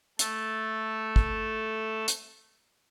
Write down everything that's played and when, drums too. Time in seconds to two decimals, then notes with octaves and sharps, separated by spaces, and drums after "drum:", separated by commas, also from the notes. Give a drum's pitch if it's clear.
0.19 A3 A4, drum: hi-hat
1.16 drum: kick
2.08 drum: hi-hat